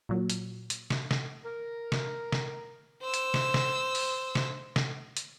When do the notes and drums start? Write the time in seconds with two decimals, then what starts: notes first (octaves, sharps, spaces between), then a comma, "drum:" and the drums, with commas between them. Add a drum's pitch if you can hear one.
0.09 A#2 F#3
0.30 drum: hi-hat
0.70 drum: hi-hat
0.90 drum: snare
1.11 drum: snare
1.44 A#4
1.92 drum: snare
2.32 drum: snare
3.01 C5 E6
3.14 drum: hi-hat
3.34 drum: snare
3.54 drum: snare
3.95 drum: open hi-hat
4.35 drum: snare
4.76 drum: snare
5.17 drum: hi-hat